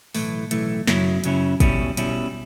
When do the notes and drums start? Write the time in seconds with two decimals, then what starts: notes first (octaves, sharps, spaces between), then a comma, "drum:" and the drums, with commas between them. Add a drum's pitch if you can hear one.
0.15 B1 A2 E3 A3, drum: open hi-hat
0.51 B1 A2 E3 A3, drum: hi-hat
0.87 F#2 C#3 F#3 C#4 E4, drum: snare
1.24 F#2 C#3 F#3 C#4 E4, drum: hi-hat
1.60 B2 G3 C#4 E4, drum: kick, hi-hat
1.97 B2 G3 C#4 E4, drum: hi-hat